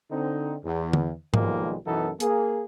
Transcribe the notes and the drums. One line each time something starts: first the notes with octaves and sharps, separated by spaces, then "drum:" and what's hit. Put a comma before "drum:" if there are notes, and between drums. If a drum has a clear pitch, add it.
D3 C4 D#4
E2
drum: tom
B1 D#3 F3 G3 G#3 A#3, drum: tom G#2
F#2 B2 E3 B3 D#4 A4
A#3 G#4, drum: hi-hat